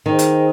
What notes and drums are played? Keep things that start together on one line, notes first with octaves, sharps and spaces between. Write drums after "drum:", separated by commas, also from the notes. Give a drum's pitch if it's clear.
D#3 G#4 C5 D#5 G5
drum: hi-hat